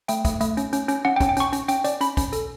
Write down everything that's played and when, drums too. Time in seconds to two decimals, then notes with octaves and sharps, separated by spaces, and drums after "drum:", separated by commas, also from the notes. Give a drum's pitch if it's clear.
0.08 A3 G5, drum: hi-hat
0.25 A3, drum: kick, hi-hat
0.41 A3, drum: hi-hat
0.57 C#4, drum: hi-hat
0.73 C#4, drum: hi-hat
0.88 C#4, drum: hi-hat
1.05 C#4 F#5
1.16 G5
1.20 C#4, drum: kick, hi-hat
1.29 G5
1.37 C#4 C#6, drum: hi-hat
1.53 C#4, drum: hi-hat
1.68 C#4 G5, drum: hi-hat
1.84 C#4 D5, drum: hi-hat
2.01 C#4 B5, drum: hi-hat
2.17 C#4, drum: kick, hi-hat
2.33 A4, drum: hi-hat